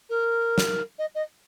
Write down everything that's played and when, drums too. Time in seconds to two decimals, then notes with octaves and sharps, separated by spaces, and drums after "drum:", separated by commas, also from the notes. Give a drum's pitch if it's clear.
0.10 A#4
0.58 drum: snare
0.99 D#5
1.15 D#5